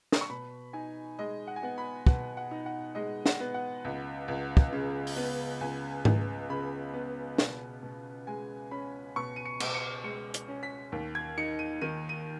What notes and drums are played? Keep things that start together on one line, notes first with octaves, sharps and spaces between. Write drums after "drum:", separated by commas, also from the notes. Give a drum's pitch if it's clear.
D#6, drum: snare
C#6
B2 B5
D#4 G#5
G#3 D#5
F#5
G#5
B3 F#5
B5
B2 F#5, drum: kick
F#5
D#4
F#5
G#3 D#5
F#5, drum: snare
B3
F#5
C#2
C#2
drum: kick
C#3
drum: open hi-hat
B3
C#2 G#5
C#2, drum: tom G#2
C#3 B5
B3
B2, drum: snare
B2
G#3 G#5
C#4 B5
B2 C#6
D#7
C#7
B2, drum: cymbal
C#7
G#3 C#7
drum: hi-hat
C#4
B6
D#2
G#6
D#4 C#7
D#7
D#3 D#7
D#7